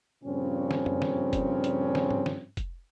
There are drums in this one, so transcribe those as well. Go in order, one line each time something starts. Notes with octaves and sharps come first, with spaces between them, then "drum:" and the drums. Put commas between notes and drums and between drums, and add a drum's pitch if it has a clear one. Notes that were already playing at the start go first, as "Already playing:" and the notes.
G2 A#2 C#3 F3 C4 C#4
drum: snare
drum: tom F#2
drum: snare
drum: kick F1, hi-hat
drum: hi-hat
drum: snare
drum: tom G#2
drum: snare
drum: kick F1, hi-hat